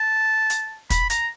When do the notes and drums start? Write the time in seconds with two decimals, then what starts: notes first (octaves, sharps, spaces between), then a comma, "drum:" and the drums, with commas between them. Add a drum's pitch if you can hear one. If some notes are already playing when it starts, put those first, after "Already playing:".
Already playing: A5
0.50 drum: hi-hat
0.90 B5, drum: kick, hi-hat
1.10 A#5, drum: hi-hat